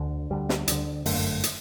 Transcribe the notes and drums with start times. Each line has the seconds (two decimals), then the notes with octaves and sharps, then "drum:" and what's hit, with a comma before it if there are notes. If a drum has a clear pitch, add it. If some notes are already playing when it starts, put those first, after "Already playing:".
Already playing: D2 D3
0.30 D2 D3 G3
0.49 drum: snare
0.68 D2 D3, drum: hi-hat
1.06 G1 F#2 D3 A3, drum: open hi-hat
1.14 A#3
1.20 A3
1.44 drum: hi-hat